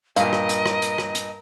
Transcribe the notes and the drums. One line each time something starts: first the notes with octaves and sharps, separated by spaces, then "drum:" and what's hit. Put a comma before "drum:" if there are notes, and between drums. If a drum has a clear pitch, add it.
G2 A#2 A#4 D#5 F5, drum: hi-hat
drum: rim click
drum: hi-hat
drum: rim click
drum: hi-hat
drum: rim click
drum: hi-hat